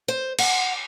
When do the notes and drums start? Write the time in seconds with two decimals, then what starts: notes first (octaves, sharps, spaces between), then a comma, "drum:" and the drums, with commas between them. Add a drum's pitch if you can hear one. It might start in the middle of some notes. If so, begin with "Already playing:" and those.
0.08 C5
0.39 F#5, drum: cymbal